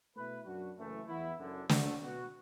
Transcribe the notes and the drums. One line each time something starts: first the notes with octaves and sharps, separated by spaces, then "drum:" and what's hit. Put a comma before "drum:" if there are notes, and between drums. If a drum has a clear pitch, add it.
B2 A3 E4 B4
F#2 F#3 D4 F#4
F#1 F#2 E3 A3
E2 E3 B3 E4
F#1 F#2 D3
D2 D3 A3, drum: snare
B2 B3 F#4